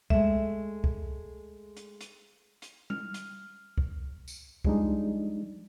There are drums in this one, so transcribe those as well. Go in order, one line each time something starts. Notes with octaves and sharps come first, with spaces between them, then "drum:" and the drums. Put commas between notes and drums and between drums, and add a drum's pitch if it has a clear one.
G#3 A3 E5, drum: kick C2
drum: kick C2
drum: hi-hat
drum: hi-hat
drum: hi-hat
F6, drum: tom G3
drum: hi-hat
drum: kick C2
drum: tambourine
F3 G3 G#3 D4 D#4, drum: kick C2